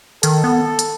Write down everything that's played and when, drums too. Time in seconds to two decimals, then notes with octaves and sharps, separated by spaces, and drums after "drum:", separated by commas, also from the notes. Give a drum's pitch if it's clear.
0.23 D#3 A4, drum: hi-hat
0.44 B3
0.79 drum: hi-hat